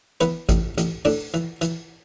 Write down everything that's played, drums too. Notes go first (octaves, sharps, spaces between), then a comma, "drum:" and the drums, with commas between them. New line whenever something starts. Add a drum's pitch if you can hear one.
E3 B3 B4, drum: hi-hat
A1, drum: kick G#1, hi-hat
A1, drum: hi-hat
A2 D4 D5, drum: open hi-hat
E3, drum: hi-hat
E3, drum: hi-hat